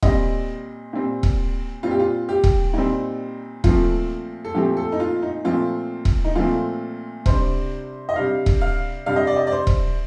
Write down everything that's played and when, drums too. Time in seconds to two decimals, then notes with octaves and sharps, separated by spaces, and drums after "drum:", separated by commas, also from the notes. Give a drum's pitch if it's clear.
0.02 A#2 G3 C4 D#5, drum: kick E1
0.93 A#2 G3 C4
1.23 drum: kick E1
1.83 A#2 G3 C4 F4
1.91 G4
2.00 F4
2.29 G4
2.44 drum: kick E1
2.73 A#2 G3 C4 D#4
3.64 A#2 F3 A3 C4 F4, drum: kick E1
4.45 A4
4.54 A#2 F3 A3 C4 G4
4.77 A4
4.92 D#4
5.00 F4
5.22 D#4
5.45 A#2 F3 A3 C4 F4
6.05 drum: kick E1
6.24 D#4
6.35 A#2 F3 A3 C4 F4
7.26 C3 G3 D4 C5, drum: kick E1
8.09 D#5
8.16 C3 G3 D4 F5
8.46 drum: kick E1
8.61 F5
9.06 C3 G3 D4 F5
9.16 D#5
9.27 D5
9.36 D#5
9.47 D5
9.52 C5
9.67 drum: kick E1